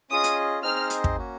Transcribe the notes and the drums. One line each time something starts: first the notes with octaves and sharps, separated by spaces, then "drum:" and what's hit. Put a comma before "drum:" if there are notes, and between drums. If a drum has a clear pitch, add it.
C#4 F4 G#4 D#5 D#6
drum: hi-hat
C4 D#4 G#4 C5 D#5 F6
drum: hi-hat
drum: kick
A#3 C#4 F#4